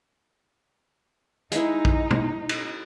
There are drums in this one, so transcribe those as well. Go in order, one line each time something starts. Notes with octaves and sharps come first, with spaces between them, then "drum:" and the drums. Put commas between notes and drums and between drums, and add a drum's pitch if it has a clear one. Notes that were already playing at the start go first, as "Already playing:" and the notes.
G#3 D#4 E4, drum: hi-hat
drum: kick A#1
drum: tom
drum: cymbal